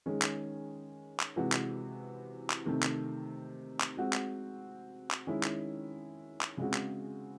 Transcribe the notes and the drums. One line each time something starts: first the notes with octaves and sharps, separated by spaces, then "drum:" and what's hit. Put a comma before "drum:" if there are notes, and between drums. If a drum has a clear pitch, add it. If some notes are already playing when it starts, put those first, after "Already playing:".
D#3 G#3 C#4 G#4
drum: clap
drum: clap
C3 E3 G#3 C4 F#4
drum: clap
drum: clap
C3 D#3 A3 C4
drum: clap
drum: clap
G#3 C4 F#4
drum: clap
drum: clap
D#3 G#3 C#4 E4
drum: clap
drum: clap
C#3 G#3 C4 F#4
drum: clap